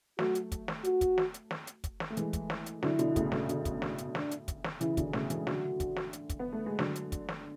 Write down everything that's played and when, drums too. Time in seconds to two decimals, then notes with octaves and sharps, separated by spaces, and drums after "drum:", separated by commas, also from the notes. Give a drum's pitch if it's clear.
0.19 F#3 A3 F#4, drum: snare
0.35 drum: hi-hat
0.52 drum: kick, hi-hat
0.68 drum: snare
0.84 F#4, drum: hi-hat
1.01 drum: kick, hi-hat
1.18 drum: snare
1.34 drum: hi-hat
1.51 drum: snare
1.67 drum: hi-hat
1.84 drum: kick, hi-hat
2.00 drum: snare
2.10 A3
2.17 E3 G#3, drum: hi-hat
2.33 drum: kick, hi-hat
2.50 drum: snare
2.66 drum: hi-hat
2.83 D3 F#3 E4, drum: snare
2.99 B2 D3, drum: hi-hat
3.16 A2 C#3, drum: kick, hi-hat
3.32 A2 C#3, drum: snare
3.49 B2 D3, drum: hi-hat
3.65 drum: kick, hi-hat
3.82 drum: snare
3.98 drum: hi-hat
4.15 D4, drum: snare
4.31 drum: hi-hat
4.48 drum: kick, hi-hat
4.64 drum: snare
4.81 C#3 E3 E4, drum: hi-hat
4.97 B2 D3, drum: kick, hi-hat
5.13 A2 C#3, drum: snare
5.30 E3 G#3, drum: hi-hat
5.47 D3 F#3 F#4, drum: snare
5.80 drum: kick, hi-hat
5.96 drum: snare
6.13 drum: hi-hat
6.29 drum: kick, hi-hat
6.39 B3
6.52 A3
6.66 G#3
6.79 D3 F#3, drum: snare
6.96 drum: hi-hat
7.12 drum: kick, hi-hat
7.29 drum: snare